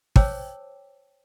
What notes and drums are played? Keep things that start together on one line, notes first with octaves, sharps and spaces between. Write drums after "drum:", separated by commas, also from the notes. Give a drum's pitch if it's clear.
C5 C#5 G5 A5 D6 E6, drum: kick